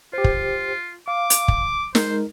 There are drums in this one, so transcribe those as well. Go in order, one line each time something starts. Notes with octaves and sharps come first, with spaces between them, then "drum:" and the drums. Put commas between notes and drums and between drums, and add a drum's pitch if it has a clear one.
F4 G4 C5
drum: kick
F5 D6
drum: hi-hat
drum: kick
G#3 D#4 A#4 C5, drum: snare